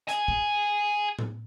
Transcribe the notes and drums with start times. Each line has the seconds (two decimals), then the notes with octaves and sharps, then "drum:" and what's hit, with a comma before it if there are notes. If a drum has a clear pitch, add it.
0.09 G#4 G#5, drum: hi-hat
0.28 drum: kick
1.19 drum: tom A2